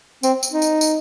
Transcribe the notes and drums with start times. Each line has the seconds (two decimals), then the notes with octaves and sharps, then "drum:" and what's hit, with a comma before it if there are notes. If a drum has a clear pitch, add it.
0.23 C4, drum: tambourine
0.43 drum: tambourine
0.52 D#4
0.62 drum: tambourine
0.81 drum: tambourine